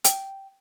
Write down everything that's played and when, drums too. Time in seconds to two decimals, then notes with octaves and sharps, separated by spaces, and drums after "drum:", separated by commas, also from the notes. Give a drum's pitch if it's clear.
0.04 G5, drum: hi-hat